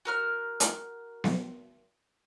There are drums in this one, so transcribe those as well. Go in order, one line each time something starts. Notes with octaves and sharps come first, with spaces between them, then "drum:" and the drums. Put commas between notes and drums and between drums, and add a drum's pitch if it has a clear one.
F#4 A#4 F6
drum: hi-hat
drum: snare B3